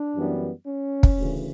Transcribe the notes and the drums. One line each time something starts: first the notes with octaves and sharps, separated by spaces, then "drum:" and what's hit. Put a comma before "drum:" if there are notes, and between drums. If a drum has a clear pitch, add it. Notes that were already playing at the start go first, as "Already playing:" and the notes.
Already playing: D4
F#2 E3 G3 B3
C#4
drum: kick
D2 C#3 E3